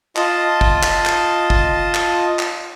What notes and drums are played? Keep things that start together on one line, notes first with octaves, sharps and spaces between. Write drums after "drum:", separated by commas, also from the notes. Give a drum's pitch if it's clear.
F4 D#5 A5, drum: clap
drum: kick
drum: clap
drum: clap
drum: kick
drum: clap
drum: clap